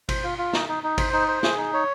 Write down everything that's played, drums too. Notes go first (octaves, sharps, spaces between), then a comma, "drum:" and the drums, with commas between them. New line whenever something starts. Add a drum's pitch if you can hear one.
C5, drum: kick G#1, cymbal
F4
F4
D#4, drum: snare
D#4
D#4
C5, drum: kick G#1, cymbal
D#4
C5
G#4, drum: snare
D#4
C#5